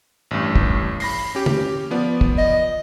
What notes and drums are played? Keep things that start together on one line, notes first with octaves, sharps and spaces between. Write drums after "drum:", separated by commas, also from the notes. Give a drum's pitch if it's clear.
A1 G2
drum: kick
B5 A#6 C7, drum: open hi-hat
C#4 G4
drum: tom
F3 B3 D5
drum: kick
D#5